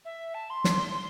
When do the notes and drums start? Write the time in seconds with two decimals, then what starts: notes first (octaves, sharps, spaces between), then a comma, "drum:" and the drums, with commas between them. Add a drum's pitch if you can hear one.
0.05 E5
0.34 A5
0.50 C6
0.64 drum: snare
0.94 C6